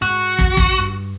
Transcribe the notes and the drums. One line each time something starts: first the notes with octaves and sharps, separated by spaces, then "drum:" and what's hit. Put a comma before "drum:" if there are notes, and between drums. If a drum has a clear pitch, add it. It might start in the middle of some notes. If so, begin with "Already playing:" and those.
G#2 F#4
drum: kick
drum: kick
G2